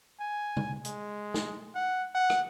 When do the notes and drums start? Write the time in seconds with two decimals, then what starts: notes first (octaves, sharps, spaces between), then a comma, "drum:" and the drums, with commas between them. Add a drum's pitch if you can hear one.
0.20 G#5
0.57 drum: tom C3
0.85 G#3, drum: hi-hat
1.34 drum: snare
1.75 F#5
2.15 F#5
2.30 drum: rim click